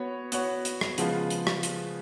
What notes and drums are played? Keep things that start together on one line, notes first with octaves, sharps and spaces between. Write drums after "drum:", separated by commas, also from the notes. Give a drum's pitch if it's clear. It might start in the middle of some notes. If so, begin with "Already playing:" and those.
Already playing: B3 F#4 C#5
B3 F#4 C#5, drum: hi-hat
drum: hi-hat
drum: rim click
C#3 F3 G#3 B3 F4, drum: hi-hat
drum: hi-hat
drum: rim click
drum: hi-hat